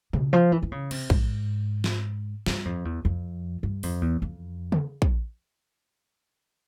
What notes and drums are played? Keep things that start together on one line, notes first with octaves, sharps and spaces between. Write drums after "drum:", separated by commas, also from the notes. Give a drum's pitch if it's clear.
C#3, drum: tom A#2
F3
E3
E3
C#3
C3, drum: cymbal
G#2, drum: kick
drum: snare
G2, drum: snare
F2
E2
F2
G2
F2, drum: open hi-hat
E2
F2
drum: tom C#3
drum: kick